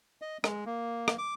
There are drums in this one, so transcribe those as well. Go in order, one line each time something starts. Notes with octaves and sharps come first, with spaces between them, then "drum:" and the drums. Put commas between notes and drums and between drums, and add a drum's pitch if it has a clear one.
D#5
G#3, drum: rim click
A#3
drum: rim click
D6